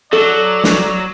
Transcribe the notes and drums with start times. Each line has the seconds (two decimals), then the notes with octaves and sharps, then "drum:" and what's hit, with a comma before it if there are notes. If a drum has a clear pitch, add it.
0.13 F#3 A4 D5
0.64 drum: snare